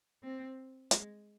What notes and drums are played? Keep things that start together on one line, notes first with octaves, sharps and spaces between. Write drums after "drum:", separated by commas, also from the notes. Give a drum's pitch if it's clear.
C4
G#3, drum: hi-hat